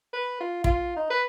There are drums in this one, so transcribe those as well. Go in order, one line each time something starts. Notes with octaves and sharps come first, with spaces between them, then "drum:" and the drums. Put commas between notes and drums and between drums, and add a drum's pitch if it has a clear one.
B4
F4
F4, drum: kick
D#4
B4